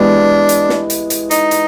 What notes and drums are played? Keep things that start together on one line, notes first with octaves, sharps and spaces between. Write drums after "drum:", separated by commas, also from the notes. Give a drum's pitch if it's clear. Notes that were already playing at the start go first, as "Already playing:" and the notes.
Already playing: E3 G#3 B3 D4 E4 G4
drum: hi-hat
drum: snare
drum: hi-hat
drum: hi-hat
D#4, drum: hi-hat
drum: hi-hat